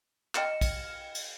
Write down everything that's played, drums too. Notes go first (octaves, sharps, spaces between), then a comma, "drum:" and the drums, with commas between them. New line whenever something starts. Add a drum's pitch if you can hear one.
D#5 G5 F6 C#7 E7, drum: clap
drum: kick, cymbal
drum: cymbal